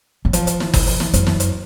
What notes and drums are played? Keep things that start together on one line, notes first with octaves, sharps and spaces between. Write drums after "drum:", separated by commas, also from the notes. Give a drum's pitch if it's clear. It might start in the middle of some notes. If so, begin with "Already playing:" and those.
F#3
F3, drum: hi-hat
drum: hi-hat
drum: snare
drum: kick, open hi-hat
drum: open hi-hat
drum: snare
F#2, drum: hi-hat
drum: snare
drum: hi-hat